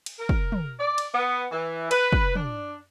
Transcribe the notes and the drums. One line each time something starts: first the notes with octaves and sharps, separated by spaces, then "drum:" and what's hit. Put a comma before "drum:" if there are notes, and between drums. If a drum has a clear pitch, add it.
drum: cymbal
A#4
drum: kick
drum: tom
D5
drum: cymbal
B3
E3
B4, drum: cymbal
drum: kick
D4, drum: tom